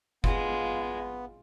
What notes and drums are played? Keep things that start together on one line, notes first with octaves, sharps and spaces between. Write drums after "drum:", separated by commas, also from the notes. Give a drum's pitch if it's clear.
G#3 B3 F4, drum: kick F#1